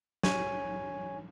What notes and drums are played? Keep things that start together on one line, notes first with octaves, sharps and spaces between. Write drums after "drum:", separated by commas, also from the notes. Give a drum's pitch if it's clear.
C#5 G#5, drum: snare